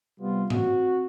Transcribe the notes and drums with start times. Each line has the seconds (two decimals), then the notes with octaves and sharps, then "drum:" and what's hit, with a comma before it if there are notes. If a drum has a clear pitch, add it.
0.20 C3 G3 B3 F4
0.50 C4 F#4, drum: tom G#2